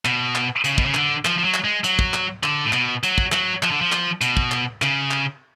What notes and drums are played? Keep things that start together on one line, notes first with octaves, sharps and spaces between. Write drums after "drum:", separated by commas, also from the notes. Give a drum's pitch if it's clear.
B2, drum: clap
drum: clap
C#3, drum: hi-hat
B2, drum: kick
C#3
D3, drum: clap
F3, drum: clap
F3
F#3
drum: clap
G#3
F#3, drum: hi-hat
drum: kick
drum: clap
D3, drum: clap
A2
B2, drum: clap
F#3, drum: hi-hat
drum: kick
F#3, drum: clap
F3, drum: clap
D3
F3
drum: clap
B2, drum: hi-hat
drum: kick
drum: clap
C#3, drum: clap
drum: clap